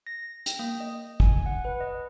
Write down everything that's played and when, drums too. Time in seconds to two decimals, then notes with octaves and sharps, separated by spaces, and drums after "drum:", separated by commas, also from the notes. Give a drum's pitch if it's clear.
0.07 A#6
0.46 G5, drum: hi-hat
0.59 A#3
0.80 D#5
1.20 G#5, drum: kick
1.46 F#5
1.65 B4
1.81 D#5